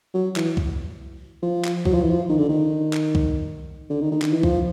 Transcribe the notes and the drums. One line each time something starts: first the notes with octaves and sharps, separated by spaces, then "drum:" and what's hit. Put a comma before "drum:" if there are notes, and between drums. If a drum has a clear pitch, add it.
F#3
E3, drum: clap
drum: kick C2
F3
drum: clap
F#3, drum: kick C2
F3
E3
F3
D#3
D3
D#3
drum: clap
drum: kick C2
D3
D#3
D#3
D#3, drum: clap
E3
F3, drum: kick C2